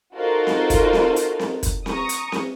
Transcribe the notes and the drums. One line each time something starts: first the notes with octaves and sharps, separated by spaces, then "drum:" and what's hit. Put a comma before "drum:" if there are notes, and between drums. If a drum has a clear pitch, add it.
D#4 F4 F#4 A4 A#4 C5
drum: snare C4
drum: kick, hi-hat
drum: snare C4
drum: hi-hat
drum: snare C4
drum: kick, hi-hat
A#5 C#6 D#6, drum: snare C4
drum: hi-hat
drum: snare C4